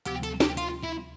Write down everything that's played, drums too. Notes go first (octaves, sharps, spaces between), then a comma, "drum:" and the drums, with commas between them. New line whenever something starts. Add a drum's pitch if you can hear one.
D2 C3 F3 B3 G4, drum: hi-hat
A4, drum: hi-hat
G4, drum: snare
F4, drum: hi-hat
E4